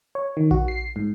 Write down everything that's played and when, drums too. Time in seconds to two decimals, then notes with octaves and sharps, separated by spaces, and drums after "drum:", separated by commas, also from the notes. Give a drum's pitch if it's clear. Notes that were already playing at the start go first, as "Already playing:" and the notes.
0.15 C#5
0.37 D#3
0.51 F#4, drum: kick A#1
0.68 C7
0.96 G#2